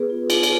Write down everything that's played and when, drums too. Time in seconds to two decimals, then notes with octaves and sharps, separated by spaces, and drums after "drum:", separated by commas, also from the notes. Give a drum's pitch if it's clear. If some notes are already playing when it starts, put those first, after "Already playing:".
Already playing: B3 G#4 B4
0.10 F4
0.30 F4 G#4 B4, drum: cymbal
0.43 drum: cymbal